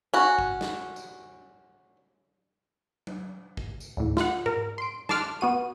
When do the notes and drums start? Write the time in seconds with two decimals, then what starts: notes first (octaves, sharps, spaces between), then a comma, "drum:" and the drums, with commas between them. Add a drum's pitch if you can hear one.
0.14 C#4 F#4
0.39 drum: kick
0.61 drum: snare
0.96 drum: tambourine
3.07 drum: tom F#3
3.57 drum: kick
3.80 drum: tambourine
3.97 D2 A2
4.17 F4 F#5, drum: snare
4.46 A#4, drum: tom G#2
4.78 C6 D7
5.09 A5 C6 D6 F6 F#6, drum: snare
5.41 B3 F#4 D#7